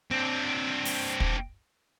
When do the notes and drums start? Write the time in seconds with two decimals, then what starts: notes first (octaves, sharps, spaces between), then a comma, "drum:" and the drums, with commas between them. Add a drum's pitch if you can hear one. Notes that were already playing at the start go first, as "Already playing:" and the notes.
0.11 C4 D4
0.85 drum: open hi-hat
1.20 drum: kick